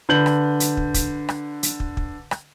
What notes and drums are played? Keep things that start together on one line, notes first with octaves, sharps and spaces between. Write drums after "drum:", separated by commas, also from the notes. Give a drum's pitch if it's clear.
D3 B4 G6 F#7
drum: rim click
drum: hi-hat
drum: kick
drum: kick, hi-hat
drum: rim click
drum: hi-hat
drum: kick
drum: kick
drum: rim click